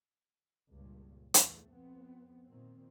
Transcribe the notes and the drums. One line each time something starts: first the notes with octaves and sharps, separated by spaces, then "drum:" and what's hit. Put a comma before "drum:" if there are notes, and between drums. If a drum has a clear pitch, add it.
C#2 G2 A#2
E2 E3 A3, drum: hi-hat
F2 B3 C4
A#2 D#3 C4